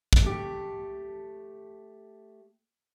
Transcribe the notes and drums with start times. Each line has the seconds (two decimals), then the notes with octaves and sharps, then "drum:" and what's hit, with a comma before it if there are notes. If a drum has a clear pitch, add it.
0.13 drum: kick
0.22 A3 G4